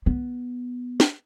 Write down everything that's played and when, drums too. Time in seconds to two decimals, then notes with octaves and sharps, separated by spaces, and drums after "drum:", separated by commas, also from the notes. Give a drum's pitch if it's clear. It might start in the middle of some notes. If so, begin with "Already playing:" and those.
0.06 B3
1.00 drum: snare